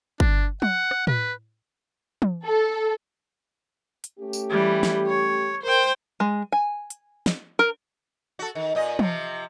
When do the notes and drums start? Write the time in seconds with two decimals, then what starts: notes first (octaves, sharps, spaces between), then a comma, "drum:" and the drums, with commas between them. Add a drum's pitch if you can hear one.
0.20 D4, drum: kick
0.62 F#5, drum: tom
0.91 drum: rim click
1.07 B4, drum: tom
2.22 drum: tom
2.45 A4
4.04 drum: hi-hat
4.20 A3 C#4 G4
4.33 drum: tambourine
4.50 E3 G3
4.83 drum: snare
5.07 C#5
5.64 A#4 C5 G5
6.20 G#3
6.52 G#5
6.90 drum: hi-hat
7.26 drum: snare
7.59 A#4
8.39 F#4 A4
8.55 D#3
8.75 A#2 D#5
8.99 C3 F3, drum: tom